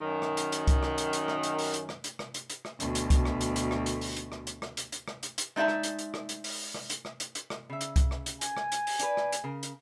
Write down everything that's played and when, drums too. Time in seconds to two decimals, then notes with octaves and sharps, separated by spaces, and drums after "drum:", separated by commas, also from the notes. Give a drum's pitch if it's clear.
0.01 F#2 D#3
0.22 drum: rim click
0.37 drum: hi-hat
0.52 drum: hi-hat
0.67 drum: kick C2, hi-hat
0.83 drum: rim click
0.98 drum: hi-hat
1.13 drum: hi-hat
1.28 drum: rim click
1.43 drum: hi-hat
1.59 drum: open hi-hat
1.74 drum: hi-hat
1.89 drum: rim click
2.04 drum: hi-hat
2.19 drum: rim click
2.34 drum: hi-hat
2.50 drum: hi-hat
2.65 drum: rim click
2.80 D2 B2, drum: hi-hat
2.95 drum: hi-hat
3.10 drum: kick C2, hi-hat
3.25 drum: rim click
3.41 drum: hi-hat
3.56 drum: hi-hat
3.71 drum: rim click
3.86 drum: hi-hat
4.01 drum: open hi-hat
4.17 drum: hi-hat
4.32 drum: rim click
4.47 drum: hi-hat
4.62 drum: rim click
4.77 drum: hi-hat
4.92 drum: hi-hat
5.08 drum: rim click
5.23 drum: hi-hat
5.38 drum: hi-hat
5.56 G#3 D#4 D5 E5 A5
5.68 drum: rim click
5.83 drum: hi-hat
5.99 drum: hi-hat
6.14 drum: rim click
6.29 drum: hi-hat
6.44 drum: open hi-hat
6.74 drum: rim click
6.90 drum: hi-hat
7.05 drum: rim click
7.20 drum: hi-hat
7.35 drum: hi-hat
7.50 drum: rim click
7.70 C#3 E5
7.81 drum: hi-hat
7.96 drum: kick C2, hi-hat
8.11 drum: rim click
8.26 drum: hi-hat
8.41 G#5, drum: hi-hat
8.57 drum: rim click
8.72 drum: hi-hat
8.87 drum: open hi-hat
8.99 D4 B4, drum: hi-hat
9.17 drum: rim click
9.32 drum: hi-hat
9.44 C#3 A#4
9.63 drum: hi-hat